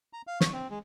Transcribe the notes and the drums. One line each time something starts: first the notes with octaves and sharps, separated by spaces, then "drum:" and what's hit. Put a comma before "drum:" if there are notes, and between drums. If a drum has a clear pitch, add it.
A#5
F5
C#6, drum: snare
C4
G#3